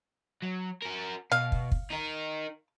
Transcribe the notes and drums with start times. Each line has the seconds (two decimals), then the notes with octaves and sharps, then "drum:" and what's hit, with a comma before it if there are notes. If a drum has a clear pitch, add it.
0.43 F#3
0.83 F#4 A#4
1.32 B2 F5
1.52 drum: kick
1.72 drum: kick
1.91 D#4 A#4